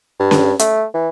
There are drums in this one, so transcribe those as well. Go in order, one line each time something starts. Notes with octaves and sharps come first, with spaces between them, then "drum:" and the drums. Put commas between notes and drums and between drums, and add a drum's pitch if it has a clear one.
G2
drum: snare C#4
A3, drum: hi-hat
E3